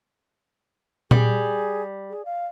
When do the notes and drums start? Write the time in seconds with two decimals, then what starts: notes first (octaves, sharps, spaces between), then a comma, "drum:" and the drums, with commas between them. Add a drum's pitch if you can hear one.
1.11 G3 G#4, drum: tom A#2
2.10 G#4
2.25 F5